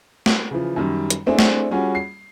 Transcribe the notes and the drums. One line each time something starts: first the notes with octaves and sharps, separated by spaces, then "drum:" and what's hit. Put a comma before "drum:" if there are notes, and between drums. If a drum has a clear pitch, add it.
drum: snare
C#3 E3 F3
F#2 D#3 G3
drum: hi-hat
A3 C4 D4 E4 G#4
drum: snare
G3 C#4 F4 F#4 G#4
C7